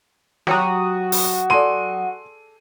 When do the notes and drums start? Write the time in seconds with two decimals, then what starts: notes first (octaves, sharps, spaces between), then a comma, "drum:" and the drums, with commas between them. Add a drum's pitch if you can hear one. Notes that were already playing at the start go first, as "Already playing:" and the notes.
0.47 F#3 F#4 G4 A#5 D#6, drum: snare
1.12 drum: open hi-hat
1.50 G#4 A4 D5 C6 D#7